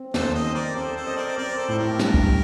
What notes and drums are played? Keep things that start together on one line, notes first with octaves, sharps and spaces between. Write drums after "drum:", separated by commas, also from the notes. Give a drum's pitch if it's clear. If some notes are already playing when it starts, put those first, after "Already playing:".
Already playing: C4
D#2 A4 C5, drum: snare
C5 D#5
C4
A#4 D5
C4 A4 C5
A4 C5
C4 D#5
A#4 D5
C5
C4 A#4 D5
A4 C5
A2 A4
G4 A#4
G2, drum: snare
drum: kick